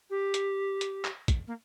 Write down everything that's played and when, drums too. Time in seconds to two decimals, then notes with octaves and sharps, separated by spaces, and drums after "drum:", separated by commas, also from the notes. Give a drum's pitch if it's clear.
0.10 G4
0.34 drum: hi-hat
0.81 drum: hi-hat
1.05 drum: clap
1.28 drum: kick, hi-hat
1.47 A#3